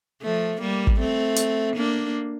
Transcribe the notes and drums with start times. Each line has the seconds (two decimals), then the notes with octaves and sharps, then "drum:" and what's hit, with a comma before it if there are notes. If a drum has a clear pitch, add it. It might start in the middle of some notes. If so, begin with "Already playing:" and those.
0.23 F3 A3
0.61 G3 A#3
0.87 drum: kick
1.00 A3 C4
1.36 drum: hi-hat
1.76 A#3 D4